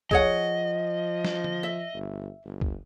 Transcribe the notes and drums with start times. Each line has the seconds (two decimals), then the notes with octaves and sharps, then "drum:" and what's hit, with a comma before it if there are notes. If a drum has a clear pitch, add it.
0.11 F3 G#4 C#5 D#5 F#5, drum: kick
1.24 drum: snare
1.44 drum: tom D3
1.63 E5
1.94 G1
2.45 G1
2.61 drum: kick